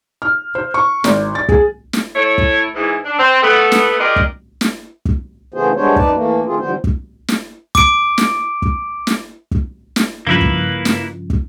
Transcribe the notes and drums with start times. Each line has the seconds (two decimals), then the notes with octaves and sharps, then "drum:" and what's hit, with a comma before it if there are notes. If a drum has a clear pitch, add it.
0.22 F6
0.55 C5
0.74 C#6
1.04 G#1, drum: snare
1.35 A6
1.49 G#4, drum: kick
1.93 drum: snare
2.15 A3 E4 C#5
2.38 drum: kick
2.75 G#2 E3
3.05 D4
3.18 C4
3.42 A3 B3
3.72 drum: snare
3.99 F4 G4 G#4 A#4 D5 D#5
4.16 drum: kick
4.61 drum: snare
5.05 drum: kick
5.54 C#3 E3 A3 B3 G#4 C5
5.76 G3 G#3 B3 D4 C5 C#5
5.96 F#2 D#4 B4 D5 A5, drum: kick
6.13 E3 A3 A#3
6.46 D#3 A3 C4 F4 G#4
6.60 D3 E3 F3 G3 B3 C5
6.84 drum: kick
7.28 drum: snare
7.75 D6 D7, drum: kick
8.18 drum: snare
8.62 drum: kick
9.07 drum: snare
9.51 drum: kick
9.96 drum: snare
10.27 G2 C#3 F3 A#3 E4 B4
10.41 drum: kick
10.85 drum: snare
11.30 drum: kick